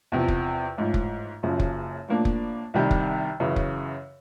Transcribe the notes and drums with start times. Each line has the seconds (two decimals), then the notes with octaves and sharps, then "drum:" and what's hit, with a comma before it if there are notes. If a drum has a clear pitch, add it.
0.12 E2 C3 F3
0.28 drum: kick F1
0.78 A1 G#2 F3
0.94 drum: kick F1
1.43 F#1 F#2 C#3 F3
1.60 drum: kick F1
2.08 A2 F3 A#3 D4
2.25 drum: kick F1
2.74 C2 C3 D#3 G3
2.91 drum: kick F1
3.40 F#2 C#3 E3
3.56 drum: kick F1